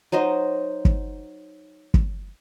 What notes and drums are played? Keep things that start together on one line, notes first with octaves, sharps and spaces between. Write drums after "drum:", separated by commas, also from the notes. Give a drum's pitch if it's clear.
F#3 D#4 C5 D#5
drum: kick
drum: kick